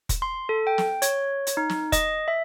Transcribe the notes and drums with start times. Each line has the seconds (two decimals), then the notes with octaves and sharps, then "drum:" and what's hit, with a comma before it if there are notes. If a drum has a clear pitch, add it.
0.09 drum: kick, hi-hat
0.22 C6
0.49 A4
0.67 G5
0.78 drum: snare
1.02 C#5, drum: hi-hat
1.47 drum: hi-hat
1.57 D#4
1.69 drum: snare
1.92 D#5, drum: kick, hi-hat
2.28 E5